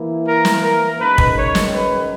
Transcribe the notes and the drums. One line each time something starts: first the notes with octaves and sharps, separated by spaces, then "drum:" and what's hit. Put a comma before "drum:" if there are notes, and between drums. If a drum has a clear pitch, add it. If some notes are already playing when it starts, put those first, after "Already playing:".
Already playing: E3 A#3 E4
A#4
drum: snare
A#4
F#2 D#3 G#3 D#4 B4
drum: kick
C#5
drum: snare
B4